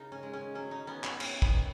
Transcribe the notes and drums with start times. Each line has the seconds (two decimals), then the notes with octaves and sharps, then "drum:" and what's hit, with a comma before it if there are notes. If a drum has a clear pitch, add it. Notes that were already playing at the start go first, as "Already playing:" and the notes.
Already playing: C#3 D#4 A#4
0.12 C#4
0.23 G#3
0.33 C#4
0.55 F#3 C#4
0.71 D#4
0.87 B3 C#4
1.04 B3, drum: clap
1.20 B3 C#4, drum: cymbal
1.42 B3, drum: kick
1.53 D#3